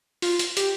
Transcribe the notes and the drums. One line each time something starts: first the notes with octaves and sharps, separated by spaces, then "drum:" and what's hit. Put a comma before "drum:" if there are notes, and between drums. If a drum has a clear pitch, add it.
F4, drum: open hi-hat
drum: hi-hat
G4, drum: hi-hat